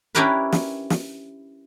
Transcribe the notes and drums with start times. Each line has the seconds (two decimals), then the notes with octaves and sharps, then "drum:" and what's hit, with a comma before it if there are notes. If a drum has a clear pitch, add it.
0.15 C#4 D4 E4 G4 A#4 B4
0.52 drum: snare
0.90 drum: snare